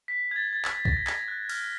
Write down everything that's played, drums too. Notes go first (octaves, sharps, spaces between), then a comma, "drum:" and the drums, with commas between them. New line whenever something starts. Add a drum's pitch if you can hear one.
B6
G#6
A6
A6
G#6, drum: clap
A#6, drum: kick
A6
G#6, drum: clap
F#6
F6, drum: cymbal